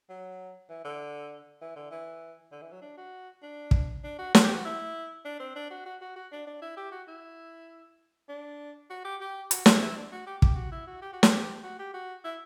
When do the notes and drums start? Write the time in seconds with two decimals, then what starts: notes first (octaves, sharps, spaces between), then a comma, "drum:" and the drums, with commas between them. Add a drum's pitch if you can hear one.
0.09 F#3
0.69 E3
0.84 D3
1.61 E3
1.76 D3
1.91 E3
2.52 D3
2.62 E3
2.72 F#3
2.82 D4
2.97 F#4
3.42 D4
3.71 drum: kick
4.04 D4
4.19 F#4
4.35 F#4, drum: snare
4.44 G4
4.54 F#4
4.65 E4
5.25 D4
5.40 C4
5.55 D4
5.71 F#4
5.85 F#4
6.01 F#4
6.16 F#4
6.32 D4
6.47 D4
6.62 E4
6.77 G4
6.92 F#4
7.08 E4
8.29 D4
8.90 F#4
9.05 G4
9.21 G4
9.51 F#4, drum: hi-hat
9.66 E4, drum: snare
9.81 E4
9.96 D4
10.12 F#4
10.26 G4
10.42 G4, drum: kick
10.56 F#4
10.72 E4
10.87 F#4
11.02 G4
11.13 F#4
11.23 G4, drum: snare
11.64 F#4
11.79 G4
11.94 F#4
12.25 E4